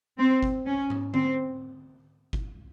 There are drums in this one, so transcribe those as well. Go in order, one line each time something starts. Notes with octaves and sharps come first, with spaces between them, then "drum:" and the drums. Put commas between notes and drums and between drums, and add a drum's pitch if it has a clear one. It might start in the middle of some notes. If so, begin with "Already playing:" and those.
C4
drum: kick G1
C#4
drum: tom G#2
C4, drum: tom D3
drum: kick G1